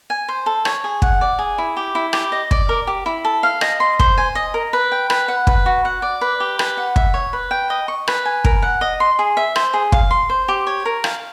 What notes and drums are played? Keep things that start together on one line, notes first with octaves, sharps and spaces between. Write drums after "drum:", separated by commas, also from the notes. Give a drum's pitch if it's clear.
G#5
C5
A4
C#5, drum: rim click
G#4
F#5, drum: kick
D5
G#4
E4
G4
E4
G4, drum: rim click
D#5
D5, drum: kick
A#4
G4
E4
A4
F5
D#5, drum: rim click
C6
C5, drum: kick
G#5
D#5
A#4
B4
G5
B4, drum: rim click
F#5
B4, drum: kick
F#4
F#5
D5
B4
G4
B4, drum: rim click
F#5
E5, drum: kick
C#5
B4
G5
D#5
C#6
B4, drum: rim click
G#5
A#4, drum: kick
F#5
D#5
C6
G#4
E5
C5, drum: rim click
G#4
F5, drum: kick
C6
C5
G4
C#5
A#4
F5, drum: rim click